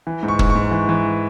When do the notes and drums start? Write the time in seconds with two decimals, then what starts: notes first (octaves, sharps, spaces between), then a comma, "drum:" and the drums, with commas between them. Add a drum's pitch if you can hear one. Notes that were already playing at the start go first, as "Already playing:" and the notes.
0.07 E3
0.23 G#2
0.28 C#6
0.39 G#2, drum: kick
0.50 C#6
0.55 G#2
0.71 E3
0.89 E3